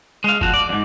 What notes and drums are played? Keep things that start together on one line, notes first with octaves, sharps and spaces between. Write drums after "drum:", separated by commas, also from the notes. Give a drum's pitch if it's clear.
G#3 F5
F3 F#4, drum: kick F#1
D5
F2 G#2